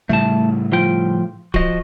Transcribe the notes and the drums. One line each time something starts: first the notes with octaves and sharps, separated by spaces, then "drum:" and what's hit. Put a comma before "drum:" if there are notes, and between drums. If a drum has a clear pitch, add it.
A2 C#3 G3 A3 A5
F3 F4 G5
F3 F#4 D#5, drum: kick D1